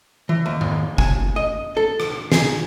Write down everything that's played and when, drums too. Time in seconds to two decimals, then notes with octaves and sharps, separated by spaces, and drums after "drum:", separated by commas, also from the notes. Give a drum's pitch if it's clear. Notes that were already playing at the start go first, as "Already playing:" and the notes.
0.29 E3
0.46 D#2
0.61 drum: tom G#2
0.98 G#5, drum: kick F#1
1.36 D#5
1.77 A4
2.00 drum: rim click
2.32 G#4, drum: snare